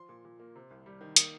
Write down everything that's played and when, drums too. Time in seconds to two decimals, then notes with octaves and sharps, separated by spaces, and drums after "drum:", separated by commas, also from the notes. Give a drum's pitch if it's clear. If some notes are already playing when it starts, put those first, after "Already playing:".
Already playing: F3 C6
0.09 A#2
0.25 A#2
0.40 A#3
0.56 C3
0.71 C2
0.86 G3
1.01 D#3
1.16 A#3 D#6, drum: hi-hat